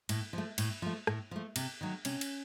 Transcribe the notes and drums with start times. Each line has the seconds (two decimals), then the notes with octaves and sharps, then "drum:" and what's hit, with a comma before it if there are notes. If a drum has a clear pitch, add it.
0.09 A2, drum: cymbal
0.33 F3 A3
0.58 A2, drum: cymbal
0.82 F3 A3
1.07 A2, drum: rim click
1.31 F3 A3
1.56 C3, drum: cymbal
1.81 D#3 F#3 A3
2.05 C3 C#4, drum: cymbal
2.21 drum: cymbal